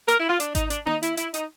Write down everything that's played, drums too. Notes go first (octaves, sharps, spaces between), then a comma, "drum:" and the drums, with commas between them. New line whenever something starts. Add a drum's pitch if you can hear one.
A#4, drum: hi-hat
E4
F4
D4, drum: hi-hat
D#4, drum: kick G#1, hi-hat
D4, drum: hi-hat
D#4, drum: tom A#3
E4, drum: hi-hat
E4, drum: hi-hat
D#4, drum: hi-hat